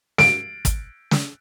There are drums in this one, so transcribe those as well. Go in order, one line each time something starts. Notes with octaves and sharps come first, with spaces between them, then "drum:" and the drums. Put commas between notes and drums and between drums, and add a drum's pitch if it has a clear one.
D7, drum: snare
drum: kick, hi-hat
drum: snare